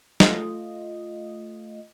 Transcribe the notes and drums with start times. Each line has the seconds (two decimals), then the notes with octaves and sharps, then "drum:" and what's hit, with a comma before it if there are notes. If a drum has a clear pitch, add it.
0.20 A3 F4 D#5, drum: snare